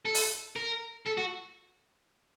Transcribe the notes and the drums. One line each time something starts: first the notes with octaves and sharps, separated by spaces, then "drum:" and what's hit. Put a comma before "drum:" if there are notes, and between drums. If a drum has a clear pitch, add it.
A4
drum: open hi-hat
A#4
A4
F#4